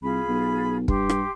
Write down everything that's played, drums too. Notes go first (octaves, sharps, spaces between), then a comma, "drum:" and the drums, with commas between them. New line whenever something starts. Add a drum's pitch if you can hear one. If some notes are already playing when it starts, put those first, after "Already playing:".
C2 F4 G#4 B5
B1
G2 G4 C6, drum: kick
drum: rim click